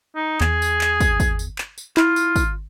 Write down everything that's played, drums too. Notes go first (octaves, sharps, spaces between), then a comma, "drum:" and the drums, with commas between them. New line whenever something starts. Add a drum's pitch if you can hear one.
D#4
E2 G#4, drum: clap
drum: tambourine
drum: clap
drum: kick, tambourine
drum: kick, tambourine
drum: tambourine
drum: clap
drum: tambourine
E4 F4, drum: clap
drum: tambourine
drum: kick, tambourine